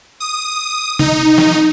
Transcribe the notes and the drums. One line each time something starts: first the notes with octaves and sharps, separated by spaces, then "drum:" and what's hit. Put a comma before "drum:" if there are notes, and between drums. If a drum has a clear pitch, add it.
D#6
D#4, drum: tom C3
drum: snare